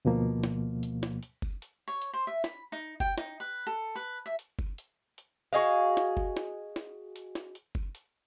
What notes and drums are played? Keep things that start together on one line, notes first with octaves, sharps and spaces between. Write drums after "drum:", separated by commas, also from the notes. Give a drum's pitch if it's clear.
D2 B2 F3 A#3
drum: snare
drum: hi-hat
drum: snare
drum: hi-hat
drum: kick F#1
drum: hi-hat
C#5
drum: hi-hat
C5
E5
B5, drum: snare
D#4
G5, drum: kick F#1
D#4, drum: snare
B4
A4
B4
E5
drum: hi-hat
drum: kick F#1
drum: hi-hat
drum: hi-hat
F#4 G#4 D#5 F5
drum: snare
drum: kick F#1
drum: snare
drum: snare
drum: hi-hat
drum: snare
drum: hi-hat
drum: kick F#1
drum: hi-hat